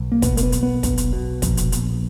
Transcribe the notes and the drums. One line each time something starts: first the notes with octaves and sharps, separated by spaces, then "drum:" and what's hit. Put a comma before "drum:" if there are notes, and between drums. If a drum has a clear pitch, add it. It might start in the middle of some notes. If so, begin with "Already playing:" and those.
Already playing: B1
A#3
B2 B3, drum: kick, hi-hat
A#3, drum: hi-hat
B3
B1, drum: hi-hat
B3
B1, drum: kick, hi-hat
drum: hi-hat
B2
A#1, drum: kick, hi-hat
drum: hi-hat
A#1, drum: hi-hat